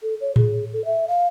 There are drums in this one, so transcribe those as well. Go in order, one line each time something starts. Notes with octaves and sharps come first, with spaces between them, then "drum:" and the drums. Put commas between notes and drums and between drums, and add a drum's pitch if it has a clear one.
A4
C#5
G#4, drum: tom A2
A4
E5
F5